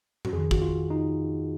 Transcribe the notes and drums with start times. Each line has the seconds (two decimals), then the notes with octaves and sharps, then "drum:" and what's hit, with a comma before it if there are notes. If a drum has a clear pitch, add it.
0.25 F#4, drum: tom A2
0.33 F2 D#3 G#4
0.51 F#4, drum: kick
0.62 F4
0.90 D#4